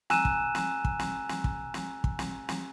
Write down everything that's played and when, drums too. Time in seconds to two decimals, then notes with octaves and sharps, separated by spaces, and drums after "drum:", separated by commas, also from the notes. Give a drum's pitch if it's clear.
0.10 G#5 A#5 E6 F#6 D#7 E7, drum: snare
0.25 drum: kick
0.55 drum: snare
0.85 drum: kick
0.99 drum: snare
1.29 drum: snare
1.44 drum: kick
1.74 drum: snare
2.04 drum: kick
2.19 drum: snare
2.49 drum: snare